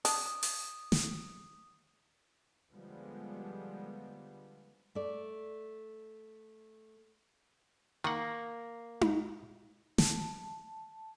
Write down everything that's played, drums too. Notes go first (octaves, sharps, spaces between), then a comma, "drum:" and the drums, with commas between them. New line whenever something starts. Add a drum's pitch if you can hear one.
D4 D#6, drum: open hi-hat
drum: open hi-hat
drum: snare
D3 F3 G3 G#3 B3
A3 D5
D#3 A#3 F#5
drum: tom D#4
A5, drum: snare